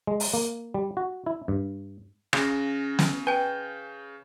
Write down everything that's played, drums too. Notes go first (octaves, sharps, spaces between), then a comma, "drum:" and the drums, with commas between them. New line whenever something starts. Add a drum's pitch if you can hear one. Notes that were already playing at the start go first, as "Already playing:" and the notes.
G#3
drum: open hi-hat
A#3
G3
F#4
E4
G2
C#3 C#4 F5 A#6, drum: rim click
drum: snare
B4 G5 G#5 G6